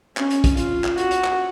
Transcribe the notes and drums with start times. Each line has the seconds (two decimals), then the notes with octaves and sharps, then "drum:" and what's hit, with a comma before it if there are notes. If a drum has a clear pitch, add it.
0.17 C#4, drum: clap
0.30 drum: hi-hat
0.44 drum: kick, hi-hat
0.57 F4, drum: hi-hat
0.84 drum: clap
0.98 F#4, drum: hi-hat
1.11 drum: hi-hat
1.24 drum: clap